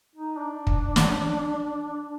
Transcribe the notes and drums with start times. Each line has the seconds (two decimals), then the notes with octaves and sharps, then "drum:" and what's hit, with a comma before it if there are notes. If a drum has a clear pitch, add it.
0.16 D#4
0.38 D4
0.67 drum: kick
0.96 drum: snare